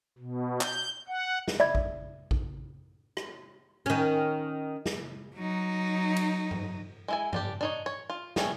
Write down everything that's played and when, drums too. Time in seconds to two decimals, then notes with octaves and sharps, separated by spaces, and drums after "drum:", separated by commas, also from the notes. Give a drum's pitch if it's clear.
0.18 B2
0.61 G6, drum: clap
1.08 F#5
1.48 drum: snare
1.60 D5 E5 B5 G#6
1.75 drum: kick A#1
2.31 drum: kick A#1
3.17 drum: rim click
3.86 D#3 C#4
4.86 drum: snare
5.36 F#3 D#4
6.16 drum: cymbal
6.51 drum: tom G2
7.08 G#3 E4 G#5
7.33 G3 D4 G4, drum: tom G2
7.61 D4 D#4 C#5
7.86 C#5
8.10 F4
8.36 G3 A3 B3 C#4, drum: snare